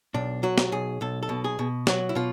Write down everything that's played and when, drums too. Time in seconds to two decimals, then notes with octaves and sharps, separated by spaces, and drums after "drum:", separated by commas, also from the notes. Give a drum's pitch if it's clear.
0.14 B1 D4
0.43 F#3 F#4
0.58 drum: snare
0.72 B1 G#4
1.01 B1 A4
1.23 A4
1.29 B2
1.44 G#4
1.59 B2
1.87 F#3 F#4, drum: snare
2.09 E4
2.15 B2 F4